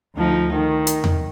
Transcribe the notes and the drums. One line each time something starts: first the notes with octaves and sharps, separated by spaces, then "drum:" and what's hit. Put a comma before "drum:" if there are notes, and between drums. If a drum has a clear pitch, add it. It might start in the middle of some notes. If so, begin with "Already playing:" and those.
D2 F3 D#4
D#3
drum: hi-hat
drum: tom E2